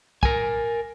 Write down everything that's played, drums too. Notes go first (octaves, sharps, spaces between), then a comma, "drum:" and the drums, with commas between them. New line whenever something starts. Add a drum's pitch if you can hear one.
A#4 G#5, drum: kick